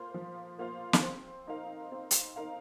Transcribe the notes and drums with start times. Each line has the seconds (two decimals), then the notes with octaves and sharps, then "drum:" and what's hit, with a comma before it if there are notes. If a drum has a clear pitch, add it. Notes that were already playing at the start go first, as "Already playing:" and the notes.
Already playing: A#3 F4 C5 F5
0.14 F3
0.58 A#3 F4 C5 F5
0.93 drum: snare
1.03 C4
1.47 D#4 A#4 F5
1.92 C4
2.11 drum: hi-hat
2.36 D#4 A#4 F5